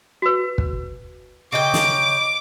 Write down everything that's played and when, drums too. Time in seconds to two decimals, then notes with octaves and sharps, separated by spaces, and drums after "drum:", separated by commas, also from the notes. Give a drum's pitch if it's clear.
0.22 F#4 B4
0.58 drum: kick
1.52 C#3 D#5 G5 D6
1.74 drum: snare